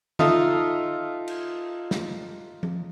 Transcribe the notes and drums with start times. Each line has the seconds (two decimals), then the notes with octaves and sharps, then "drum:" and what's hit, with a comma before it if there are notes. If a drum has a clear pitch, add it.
0.19 D#4 F4 A4 D#5 E5, drum: tom D3
1.28 drum: cymbal
1.91 drum: snare
2.63 drum: tom F3